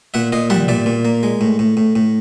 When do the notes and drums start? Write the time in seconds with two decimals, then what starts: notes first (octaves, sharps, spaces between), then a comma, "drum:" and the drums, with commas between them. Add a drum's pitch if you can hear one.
0.14 A#2 E5 F#5
0.32 A#2 D#5 F5
0.50 G3 E5 F#5, drum: tom
0.68 A#2 D5 E5
0.86 A#2
1.05 A#3
1.23 G#3
1.41 A2
1.59 A2
1.77 A2
1.96 A2